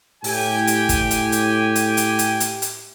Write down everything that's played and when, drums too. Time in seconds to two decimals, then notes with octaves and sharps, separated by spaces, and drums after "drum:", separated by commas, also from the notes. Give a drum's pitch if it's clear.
0.24 A2 G4 G5 G#5, drum: open hi-hat
0.67 drum: hi-hat
0.89 drum: kick, hi-hat
1.11 drum: hi-hat
1.32 drum: hi-hat
1.75 drum: hi-hat
1.97 drum: hi-hat
2.19 drum: hi-hat
2.40 drum: hi-hat
2.62 drum: hi-hat